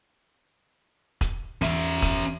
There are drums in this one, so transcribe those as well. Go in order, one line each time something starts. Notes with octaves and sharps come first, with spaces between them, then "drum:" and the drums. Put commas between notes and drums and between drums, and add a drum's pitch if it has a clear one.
drum: kick E1, hi-hat
E2 C#4 E5, drum: hi-hat
drum: kick E1, hi-hat